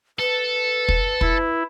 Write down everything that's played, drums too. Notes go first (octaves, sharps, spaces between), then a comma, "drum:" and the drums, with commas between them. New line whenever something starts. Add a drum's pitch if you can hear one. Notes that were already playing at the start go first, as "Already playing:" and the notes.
A4 B4
drum: kick
E4, drum: kick